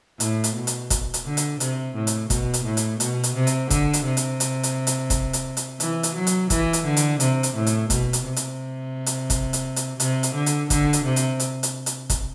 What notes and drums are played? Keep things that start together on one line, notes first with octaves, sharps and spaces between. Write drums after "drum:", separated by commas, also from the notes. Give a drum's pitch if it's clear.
A2, drum: hi-hat
drum: hi-hat
B2
drum: hi-hat
drum: kick, hi-hat
drum: hi-hat
D3
drum: hi-hat
C3, drum: hi-hat
A2
drum: hi-hat
B2, drum: kick, hi-hat
drum: hi-hat
A2
drum: hi-hat
B2, drum: hi-hat
drum: hi-hat
C3
drum: hi-hat
D3, drum: kick, hi-hat
drum: hi-hat
C3
drum: hi-hat
drum: hi-hat
drum: hi-hat
drum: hi-hat
drum: kick, hi-hat
drum: hi-hat
drum: hi-hat
E3, drum: hi-hat
drum: hi-hat
F#3
drum: hi-hat
E3, drum: kick, hi-hat
drum: hi-hat
D3
drum: hi-hat
C3, drum: hi-hat
drum: hi-hat
A2
drum: hi-hat
B2, drum: kick, hi-hat
drum: hi-hat
C3
drum: hi-hat
drum: hi-hat
drum: kick, hi-hat
drum: hi-hat
drum: hi-hat
C3, drum: hi-hat
drum: hi-hat
D3
drum: hi-hat
D3, drum: kick, hi-hat
drum: hi-hat
C3
drum: hi-hat
drum: hi-hat
drum: hi-hat
drum: hi-hat
drum: kick, hi-hat